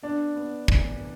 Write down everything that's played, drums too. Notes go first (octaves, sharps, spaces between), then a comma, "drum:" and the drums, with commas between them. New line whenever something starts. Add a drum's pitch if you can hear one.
B3 D4
B3
E3, drum: kick